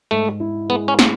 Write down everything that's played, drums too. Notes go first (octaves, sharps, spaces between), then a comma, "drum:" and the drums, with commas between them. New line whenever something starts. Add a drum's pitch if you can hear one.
G#2 A3
E4
G#3 B3
C#4
B3, drum: snare